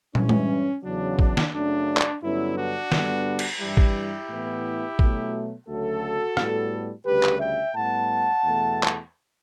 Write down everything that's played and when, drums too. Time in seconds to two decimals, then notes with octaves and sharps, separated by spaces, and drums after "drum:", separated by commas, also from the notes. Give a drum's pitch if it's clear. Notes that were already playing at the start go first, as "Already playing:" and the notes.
0.15 G2 E3 G3 C#4, drum: tom
0.29 drum: tom G#3
0.84 E2 C#3 F#3 D4
1.19 D4, drum: kick
1.37 drum: snare
1.53 F#2 C#3 F#3 A3 D4
1.97 drum: clap
2.22 G2 D3 F#3 B3 C#4 E4
2.57 D4 F#4
2.92 G2 D3 G3 B3, drum: snare
3.39 drum: cymbal
3.60 G2 E3 G3 E4 G4
3.77 drum: kick
4.29 A2 E3 B3
4.99 B2 F#3 A3, drum: kick
5.67 D2 C#3 F#3 A3 F#4 A4
6.37 A2 G3 B3, drum: rim click
7.05 D2 C#3 G3 G4 B4
7.23 drum: clap
7.40 E5 G5
7.75 A2 G3 B3 F#5 A5
8.44 E2 B2 A3
8.83 drum: clap